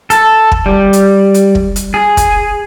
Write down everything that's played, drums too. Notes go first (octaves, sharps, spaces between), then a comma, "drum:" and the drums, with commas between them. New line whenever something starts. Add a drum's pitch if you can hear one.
A4, drum: hi-hat
drum: kick
G3
drum: hi-hat
drum: hi-hat
drum: kick
drum: hi-hat
G#4
drum: kick, hi-hat